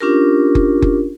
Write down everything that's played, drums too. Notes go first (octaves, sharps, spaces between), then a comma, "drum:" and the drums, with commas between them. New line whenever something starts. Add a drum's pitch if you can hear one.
C#4 D4 F4 G4 A#4
drum: kick F#1
drum: kick F#1